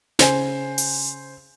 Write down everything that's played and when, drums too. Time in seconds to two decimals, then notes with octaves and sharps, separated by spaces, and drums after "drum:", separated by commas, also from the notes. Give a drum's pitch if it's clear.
0.19 C#3 C5 G#5, drum: snare
0.78 drum: open hi-hat